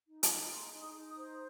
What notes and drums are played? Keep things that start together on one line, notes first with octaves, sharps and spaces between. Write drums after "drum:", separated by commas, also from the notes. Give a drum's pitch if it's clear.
D#4
D#6, drum: hi-hat
D#4
G#4 C6
D#4
D#6
D#4
D#6
C5